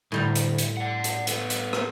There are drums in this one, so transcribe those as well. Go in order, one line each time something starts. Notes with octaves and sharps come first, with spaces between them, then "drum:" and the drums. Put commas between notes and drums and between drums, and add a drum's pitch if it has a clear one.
D2 A2 G3 A#5
drum: hi-hat
drum: hi-hat
D5 F#5
drum: hi-hat
B3 A4, drum: hi-hat
drum: hi-hat
drum: rim click